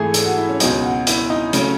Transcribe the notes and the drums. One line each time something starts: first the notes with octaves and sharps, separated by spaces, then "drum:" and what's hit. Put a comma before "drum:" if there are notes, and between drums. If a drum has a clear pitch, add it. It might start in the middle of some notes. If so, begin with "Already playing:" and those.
Already playing: G#2 E3 A3 G#4 A4
A4, drum: hi-hat
F#4
E4
C#4
C#2 B2 F#3 D#4, drum: hi-hat
F#4
E4, drum: hi-hat
D#4
C#3 F#3 A3 C#4, drum: hi-hat